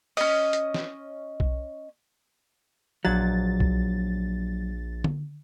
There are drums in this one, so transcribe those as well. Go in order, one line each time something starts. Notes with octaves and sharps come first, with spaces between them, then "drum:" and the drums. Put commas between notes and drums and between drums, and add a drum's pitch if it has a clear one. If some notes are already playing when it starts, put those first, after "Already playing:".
C#4 D#5, drum: open hi-hat
drum: hi-hat
drum: snare
drum: kick B1
A#1 F#3 A6
drum: kick B1
drum: tom D3